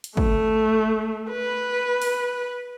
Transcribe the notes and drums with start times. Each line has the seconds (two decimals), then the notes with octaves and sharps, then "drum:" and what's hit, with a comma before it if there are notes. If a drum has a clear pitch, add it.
0.04 drum: hi-hat
0.17 A3, drum: kick
1.31 B4
2.02 drum: open hi-hat